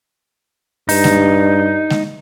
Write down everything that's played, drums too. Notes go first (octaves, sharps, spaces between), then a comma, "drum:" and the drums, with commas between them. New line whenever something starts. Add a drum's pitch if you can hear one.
G2 D#4, drum: open hi-hat
drum: snare G#3
drum: snare G#3